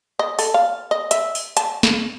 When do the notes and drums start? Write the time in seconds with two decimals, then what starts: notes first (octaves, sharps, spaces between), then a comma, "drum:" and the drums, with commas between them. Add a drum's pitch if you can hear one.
0.19 D#5
0.39 A4, drum: open hi-hat
0.54 F5
0.91 D#5
1.11 E5, drum: hi-hat
1.35 drum: open hi-hat
1.57 A5, drum: hi-hat
1.83 drum: snare